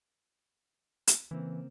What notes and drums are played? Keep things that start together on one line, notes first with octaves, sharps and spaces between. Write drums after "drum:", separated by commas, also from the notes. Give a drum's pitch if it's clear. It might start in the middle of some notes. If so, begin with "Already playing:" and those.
drum: hi-hat
C#3 E3 A#3 C4